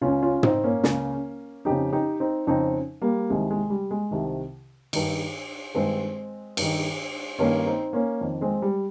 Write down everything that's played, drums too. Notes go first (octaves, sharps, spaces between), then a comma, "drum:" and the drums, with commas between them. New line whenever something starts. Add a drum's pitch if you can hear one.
C#2 C#3 C#4 F4
C#4 F4
C4 D#4, drum: tom
A#3 C#4
C#2 C#3, drum: snare
F2 C#3 D#4 G4
D#4 G4
C4 D#4
F2 C#3 C4 D#4
G3 A#3
C2 C3 D#3 G#3
G#3
G3
G#3
C2 C3 D#3
G2 D#3, drum: cymbal
G2 D#3 G#3 C4
G2 D#3, drum: cymbal
G2 D#3 A#3 C#4
C4 D#4
A#3 C#4
F2 D#3
G#3 C4
G3